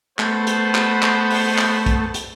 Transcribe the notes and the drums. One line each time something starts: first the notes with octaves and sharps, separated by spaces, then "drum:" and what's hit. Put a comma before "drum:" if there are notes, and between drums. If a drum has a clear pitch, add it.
A3 B3 C5, drum: clap
drum: hi-hat
drum: clap
drum: clap
drum: open hi-hat
drum: clap
drum: kick, hi-hat
drum: hi-hat